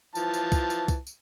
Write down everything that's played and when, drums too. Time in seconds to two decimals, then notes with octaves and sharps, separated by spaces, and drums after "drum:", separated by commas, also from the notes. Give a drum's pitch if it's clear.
0.15 E3 F3 A5, drum: tambourine
0.34 drum: tambourine
0.52 drum: kick C2, tambourine
0.70 drum: tambourine
0.88 drum: kick C2, tambourine
1.07 drum: tambourine